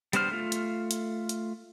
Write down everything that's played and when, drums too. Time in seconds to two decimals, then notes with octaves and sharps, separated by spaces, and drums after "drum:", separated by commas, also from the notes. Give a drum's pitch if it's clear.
0.13 G3 B3 D4 C5 F6, drum: hi-hat
0.31 A3 F4
0.52 drum: hi-hat
0.91 drum: hi-hat
1.29 drum: hi-hat